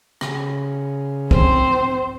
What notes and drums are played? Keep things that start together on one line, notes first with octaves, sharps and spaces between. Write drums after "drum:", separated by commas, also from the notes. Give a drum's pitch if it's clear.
C#3, drum: rim click
C4 C5, drum: kick B1